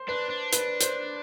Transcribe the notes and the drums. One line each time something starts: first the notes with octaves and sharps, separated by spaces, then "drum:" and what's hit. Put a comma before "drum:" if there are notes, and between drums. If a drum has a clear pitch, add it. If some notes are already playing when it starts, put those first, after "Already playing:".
Already playing: C5
D4 B4
D4
B4, drum: hi-hat
C5, drum: hi-hat